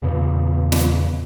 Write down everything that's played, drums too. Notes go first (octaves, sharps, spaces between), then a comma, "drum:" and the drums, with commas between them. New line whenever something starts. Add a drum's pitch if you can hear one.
E2 A#2 C#3 B3
drum: snare